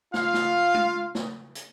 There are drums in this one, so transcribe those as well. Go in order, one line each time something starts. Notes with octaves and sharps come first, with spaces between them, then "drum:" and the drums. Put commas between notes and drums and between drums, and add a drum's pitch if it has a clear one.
F4 F5, drum: snare
drum: snare
drum: tom G#3
drum: snare
drum: hi-hat